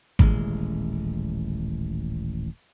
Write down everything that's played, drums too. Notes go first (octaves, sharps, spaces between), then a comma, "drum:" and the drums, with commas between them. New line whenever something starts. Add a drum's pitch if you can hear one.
D#1 A1 G#3, drum: kick G#1